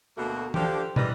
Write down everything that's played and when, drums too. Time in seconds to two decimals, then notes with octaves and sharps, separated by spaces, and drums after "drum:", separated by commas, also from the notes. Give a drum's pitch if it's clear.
0.17 D2 B2 A3 A#3 F#4
0.54 D3 F3 D4 G4, drum: tom
0.96 E3 G3 A#4 B4 D5 D#5, drum: tom